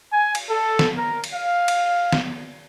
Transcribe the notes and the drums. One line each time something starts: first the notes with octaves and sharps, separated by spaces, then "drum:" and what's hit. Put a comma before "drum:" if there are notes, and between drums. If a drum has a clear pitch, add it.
G#5
drum: cymbal
A4
drum: snare
A#4
drum: cymbal
F5
drum: cymbal
drum: snare